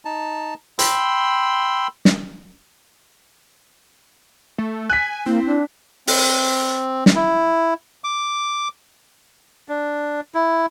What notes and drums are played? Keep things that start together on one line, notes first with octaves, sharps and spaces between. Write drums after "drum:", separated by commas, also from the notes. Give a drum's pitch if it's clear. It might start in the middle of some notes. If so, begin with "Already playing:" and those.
D#4 A5
G5 B5 C6 E6, drum: hi-hat
drum: snare
A3
G#5 F#6 B6
A#3 C4 E4
D4
C4, drum: open hi-hat
drum: snare
E4
D6
D4
E4